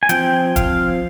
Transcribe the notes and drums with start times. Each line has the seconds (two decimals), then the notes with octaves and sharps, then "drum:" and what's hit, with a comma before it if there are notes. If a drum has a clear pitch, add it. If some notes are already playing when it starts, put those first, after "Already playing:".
0.03 G#5
0.09 F3 C4 G5, drum: hi-hat
0.56 F5, drum: kick, hi-hat